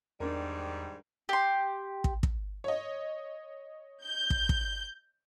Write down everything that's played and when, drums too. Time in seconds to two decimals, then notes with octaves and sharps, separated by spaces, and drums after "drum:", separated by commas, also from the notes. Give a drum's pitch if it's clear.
0.20 E2 G#2 D#3 G3 D4 A#4
1.29 G4 C6
2.04 drum: kick
2.23 drum: kick
2.64 C#5 D#5
4.04 G6
4.30 drum: kick
4.49 drum: kick